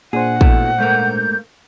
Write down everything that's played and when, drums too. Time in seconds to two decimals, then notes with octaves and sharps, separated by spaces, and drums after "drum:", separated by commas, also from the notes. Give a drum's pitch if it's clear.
0.13 A#2 D4 G#4 C5 F#5
0.41 B2 A3 E4, drum: kick
0.78 G#2 A3 A#3 G6